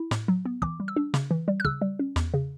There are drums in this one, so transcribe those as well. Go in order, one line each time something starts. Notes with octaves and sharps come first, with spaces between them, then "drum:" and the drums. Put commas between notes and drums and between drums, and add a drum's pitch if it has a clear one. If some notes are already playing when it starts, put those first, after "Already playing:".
Already playing: E4
A2, drum: snare
F#3
B3
E3 D6, drum: kick
G3
E6
D4
C#3, drum: snare
E3
G3
F#6
C#3 E6, drum: kick
G3
C#4
E2, drum: snare
C#3